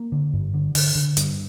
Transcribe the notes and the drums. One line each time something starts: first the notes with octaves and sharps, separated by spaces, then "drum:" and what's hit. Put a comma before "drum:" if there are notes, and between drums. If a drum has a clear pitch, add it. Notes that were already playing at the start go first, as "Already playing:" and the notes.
Already playing: A#3
D3
G2
D3
D3, drum: open hi-hat
D3
G2, drum: hi-hat